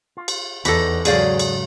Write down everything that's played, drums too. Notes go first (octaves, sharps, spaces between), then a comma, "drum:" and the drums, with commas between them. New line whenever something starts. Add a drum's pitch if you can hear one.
F4
drum: cymbal
E2 D#4 F#4 A4 D5 B5, drum: cymbal
G#2 C#3 F#3 G#4 D5 F5, drum: cymbal
drum: cymbal